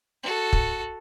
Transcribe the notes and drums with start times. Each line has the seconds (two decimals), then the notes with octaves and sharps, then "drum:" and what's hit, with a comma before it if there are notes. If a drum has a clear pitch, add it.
0.23 F#4 A4
0.53 drum: kick